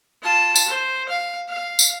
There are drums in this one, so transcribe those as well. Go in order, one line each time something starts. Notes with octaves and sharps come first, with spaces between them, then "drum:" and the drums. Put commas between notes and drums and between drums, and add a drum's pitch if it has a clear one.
F4 A5
drum: tambourine
C5
F5
F5
drum: tambourine